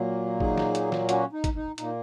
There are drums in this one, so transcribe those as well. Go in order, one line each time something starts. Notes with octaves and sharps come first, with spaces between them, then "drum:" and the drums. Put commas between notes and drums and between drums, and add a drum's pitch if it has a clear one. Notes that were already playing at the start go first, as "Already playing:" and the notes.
Already playing: A#2 F#3 A#3
D#4 G#4, drum: kick G#1
drum: snare
drum: hi-hat
drum: snare
C#4 F#4, drum: hi-hat
D#4
drum: kick G#1, hi-hat
D#4
A#2 A#3 D#4, drum: hi-hat